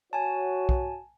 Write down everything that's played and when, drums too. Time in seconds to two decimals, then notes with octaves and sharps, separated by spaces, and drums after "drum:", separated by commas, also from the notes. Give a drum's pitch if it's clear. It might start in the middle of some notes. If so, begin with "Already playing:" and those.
0.13 F#4 C#5 G#5 A5
0.69 drum: kick